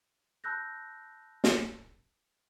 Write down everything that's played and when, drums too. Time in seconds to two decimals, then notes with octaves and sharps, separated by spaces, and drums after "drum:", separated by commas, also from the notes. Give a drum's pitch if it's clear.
0.44 A5 B5 E6 F#6 G6 A#6
1.44 drum: snare